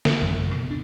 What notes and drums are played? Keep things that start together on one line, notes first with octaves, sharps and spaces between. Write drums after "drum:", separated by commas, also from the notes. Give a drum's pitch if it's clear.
drum: snare
A1 F#2 C#3
B2
D2 D4